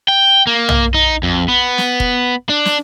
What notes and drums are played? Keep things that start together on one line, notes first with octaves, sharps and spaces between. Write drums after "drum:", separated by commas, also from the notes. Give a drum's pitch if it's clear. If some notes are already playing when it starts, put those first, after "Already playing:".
G5
A#3
drum: tom
D#4
F2
B3
drum: snare
drum: kick F1
D4
drum: snare